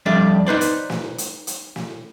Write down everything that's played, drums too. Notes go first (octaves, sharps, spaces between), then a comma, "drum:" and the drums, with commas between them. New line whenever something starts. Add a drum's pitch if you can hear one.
F2 G3 A3 D4 D5
D#4 B4 C5 D5
drum: hi-hat
drum: snare
drum: hi-hat
drum: hi-hat
drum: snare